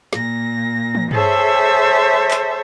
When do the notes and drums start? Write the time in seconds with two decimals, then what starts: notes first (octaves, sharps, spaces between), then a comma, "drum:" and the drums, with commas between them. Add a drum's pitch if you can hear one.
0.13 A#2 A#6, drum: snare
0.95 drum: tom
1.11 G#4 A4 C5 C#5 E5, drum: tom G2
2.31 drum: clap